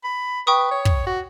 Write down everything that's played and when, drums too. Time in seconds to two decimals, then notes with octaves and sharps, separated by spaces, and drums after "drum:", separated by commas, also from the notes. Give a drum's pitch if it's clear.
0.04 B5
0.47 B4 G5 C#6 D#6
0.71 C#5
0.85 drum: kick
1.06 F#4